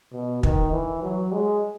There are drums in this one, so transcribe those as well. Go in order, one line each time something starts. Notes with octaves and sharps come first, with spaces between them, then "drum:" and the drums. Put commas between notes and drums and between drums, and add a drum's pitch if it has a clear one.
B2
D#3, drum: kick
E3
F#3
G#3